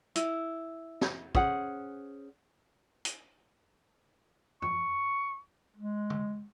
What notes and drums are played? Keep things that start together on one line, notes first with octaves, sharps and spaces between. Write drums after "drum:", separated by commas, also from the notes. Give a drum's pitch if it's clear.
E4, drum: hi-hat
drum: snare
C#4 G#4 C5 F#5, drum: kick
drum: hi-hat
C#6, drum: tom
G#3
drum: tom